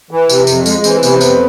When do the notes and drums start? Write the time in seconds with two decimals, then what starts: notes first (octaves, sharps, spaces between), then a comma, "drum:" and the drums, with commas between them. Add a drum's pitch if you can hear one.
0.11 E3
0.29 C3, drum: tambourine
0.47 F2, drum: tambourine
0.66 G#3, drum: tambourine
0.84 E3 C4, drum: tambourine
1.03 C3 B3, drum: tambourine
1.15 C4
1.21 F2 B3, drum: tambourine